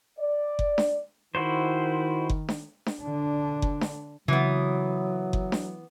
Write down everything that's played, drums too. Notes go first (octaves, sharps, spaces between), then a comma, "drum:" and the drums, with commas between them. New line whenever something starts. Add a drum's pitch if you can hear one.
D5
drum: kick F#1
drum: snare D4
D#3 E4 F#4 C5
drum: kick F#1
drum: snare D4
drum: snare D4
D3 D4
drum: kick F#1
drum: snare D4
C#3 E3 F#3 B3 C4
drum: kick F#1
drum: snare D4